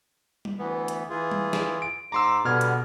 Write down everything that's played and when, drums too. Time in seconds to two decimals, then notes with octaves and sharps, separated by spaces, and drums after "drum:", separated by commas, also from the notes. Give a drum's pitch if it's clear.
0.45 drum: tom G3
0.59 D2 E3 B3
0.88 drum: hi-hat
1.10 E3 F4 G#4
1.31 drum: tom G3
1.53 drum: snare
1.82 D7
2.12 G#2 A#5 C6 D6 E6
2.45 B2 D3 G3 B3 F6 G#6
2.61 drum: hi-hat